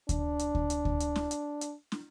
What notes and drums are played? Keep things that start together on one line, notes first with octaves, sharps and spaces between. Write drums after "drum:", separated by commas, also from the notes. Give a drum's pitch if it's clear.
D4, drum: kick D2, hi-hat
drum: hi-hat
drum: kick D2
drum: hi-hat
drum: kick D2
drum: hi-hat
drum: snare
drum: hi-hat
drum: hi-hat
drum: snare